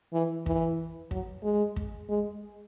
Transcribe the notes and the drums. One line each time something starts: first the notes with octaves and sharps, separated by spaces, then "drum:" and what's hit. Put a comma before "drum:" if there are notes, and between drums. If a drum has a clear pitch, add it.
E3
E3, drum: kick
F#3, drum: kick
G#3
drum: kick
G#3